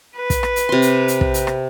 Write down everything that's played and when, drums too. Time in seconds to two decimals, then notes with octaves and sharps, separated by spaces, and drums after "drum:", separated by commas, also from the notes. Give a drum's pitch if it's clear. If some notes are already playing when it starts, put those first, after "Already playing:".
0.16 B4
0.30 drum: kick, hi-hat
0.43 drum: rim click
0.56 drum: hi-hat
0.69 C3 C6
0.82 drum: hi-hat
1.08 drum: hi-hat
1.21 drum: kick
1.34 drum: hi-hat
1.47 drum: rim click